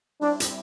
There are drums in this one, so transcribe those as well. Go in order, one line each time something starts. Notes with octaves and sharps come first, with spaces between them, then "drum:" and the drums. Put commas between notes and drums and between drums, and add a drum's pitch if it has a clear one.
G3 C4 D4 E4
drum: hi-hat